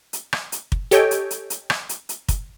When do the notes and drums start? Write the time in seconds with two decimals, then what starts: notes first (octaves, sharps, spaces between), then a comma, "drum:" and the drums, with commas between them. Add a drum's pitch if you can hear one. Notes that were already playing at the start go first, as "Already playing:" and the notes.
0.13 drum: hi-hat
0.33 drum: rim click
0.52 drum: hi-hat
0.72 drum: kick
0.91 G4 A4 C#5 D#5 G5 G#5, drum: hi-hat
1.11 drum: hi-hat
1.31 drum: hi-hat
1.50 drum: hi-hat
1.70 drum: rim click
1.89 drum: hi-hat
2.09 drum: hi-hat
2.28 drum: kick, hi-hat